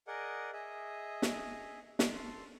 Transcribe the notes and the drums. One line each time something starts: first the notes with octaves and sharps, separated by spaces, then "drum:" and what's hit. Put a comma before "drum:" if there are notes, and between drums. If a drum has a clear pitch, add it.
G#4 A#4 D5 D#5 F#5
G#4 D#5 E5
drum: snare
drum: snare
A4 C6